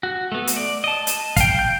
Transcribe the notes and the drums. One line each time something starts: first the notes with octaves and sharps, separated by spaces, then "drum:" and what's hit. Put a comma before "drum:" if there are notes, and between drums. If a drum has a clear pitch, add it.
F#4
A3 B3
drum: hi-hat
D5
D#5 A5
drum: hi-hat
F5 G5, drum: kick, hi-hat
G6